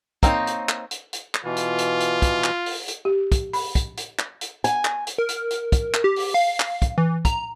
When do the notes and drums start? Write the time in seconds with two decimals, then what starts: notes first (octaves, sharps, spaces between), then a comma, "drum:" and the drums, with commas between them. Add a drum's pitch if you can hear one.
0.23 A#3 C4 D#4 C#5, drum: kick, hi-hat
0.47 drum: hi-hat
0.69 drum: clap
0.91 drum: hi-hat
1.13 drum: hi-hat
1.35 drum: clap
1.44 B2 E3 F4
1.56 drum: hi-hat
1.78 drum: hi-hat
2.00 drum: hi-hat
2.22 drum: kick, hi-hat
2.44 drum: clap
2.66 drum: open hi-hat
2.88 drum: hi-hat
3.05 G4
3.32 drum: kick, hi-hat
3.53 B5, drum: open hi-hat
3.75 drum: kick, hi-hat
3.97 drum: hi-hat
4.19 drum: clap
4.41 drum: hi-hat
4.64 G#5, drum: hi-hat
4.85 drum: clap
5.07 drum: hi-hat
5.18 A#4
5.29 drum: hi-hat
5.50 drum: hi-hat
5.72 drum: kick, hi-hat
5.94 drum: clap
6.04 G4
6.16 drum: open hi-hat
6.34 F5
6.60 drum: clap
6.82 drum: kick, hi-hat
6.98 E3
7.25 A#5, drum: kick, hi-hat